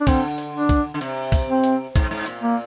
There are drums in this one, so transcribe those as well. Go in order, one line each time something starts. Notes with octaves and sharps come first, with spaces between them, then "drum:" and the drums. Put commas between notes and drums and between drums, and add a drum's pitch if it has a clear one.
D4
D3 C4, drum: kick, open hi-hat
drum: hi-hat
D4
drum: kick, hi-hat
D3
C3, drum: hi-hat
drum: kick, open hi-hat
C4
drum: hi-hat
G#2, drum: kick, hi-hat
G#2
A#2, drum: hi-hat
A#3